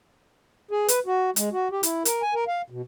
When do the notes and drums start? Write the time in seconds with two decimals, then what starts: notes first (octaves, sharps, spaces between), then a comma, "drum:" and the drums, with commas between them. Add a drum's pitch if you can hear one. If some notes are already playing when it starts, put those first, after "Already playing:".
0.71 G#4
0.88 B4, drum: hi-hat
1.06 F#4
1.36 G#3, drum: hi-hat
1.52 F#4
1.71 G4
1.83 E4, drum: hi-hat
2.05 A#4, drum: hi-hat
2.22 G#5
2.34 A#4
2.48 F5
2.70 B2